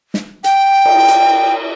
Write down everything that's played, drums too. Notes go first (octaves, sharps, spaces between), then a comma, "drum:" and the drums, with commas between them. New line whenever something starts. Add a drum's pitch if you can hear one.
drum: snare
G5, drum: hi-hat
drum: cymbal
drum: hi-hat